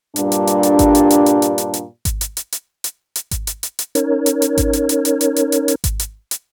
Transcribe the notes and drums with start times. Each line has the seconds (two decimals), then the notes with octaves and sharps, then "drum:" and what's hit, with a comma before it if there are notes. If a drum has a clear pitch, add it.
0.16 G2 A#2 G3 D4, drum: hi-hat
0.32 drum: hi-hat
0.47 drum: hi-hat
0.63 drum: hi-hat
0.79 drum: kick G#1, hi-hat
0.95 drum: hi-hat
1.10 drum: hi-hat
1.26 drum: hi-hat
1.42 drum: hi-hat
1.58 drum: hi-hat
1.74 drum: hi-hat
2.05 drum: kick G#1, hi-hat
2.21 drum: hi-hat
2.37 drum: hi-hat
2.52 drum: hi-hat
2.84 drum: hi-hat
3.16 drum: hi-hat
3.31 drum: kick G#1, hi-hat
3.47 drum: hi-hat
3.63 drum: hi-hat
3.79 drum: hi-hat
3.95 C#4 D#4 A#4 C#5, drum: hi-hat
4.26 drum: hi-hat
4.42 drum: hi-hat
4.58 drum: kick G#1, hi-hat
4.73 drum: hi-hat
4.89 drum: hi-hat
5.05 drum: hi-hat
5.21 drum: hi-hat
5.36 drum: hi-hat
5.52 drum: hi-hat
5.68 drum: hi-hat
5.84 drum: kick G#1, hi-hat
6.00 drum: hi-hat
6.31 drum: hi-hat